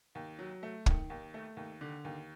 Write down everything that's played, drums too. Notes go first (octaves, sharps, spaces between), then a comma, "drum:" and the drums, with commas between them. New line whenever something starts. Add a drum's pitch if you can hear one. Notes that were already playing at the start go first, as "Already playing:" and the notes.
D#2
F#3
A3
D#3, drum: kick
D#2
A3
D#2
D3
D#2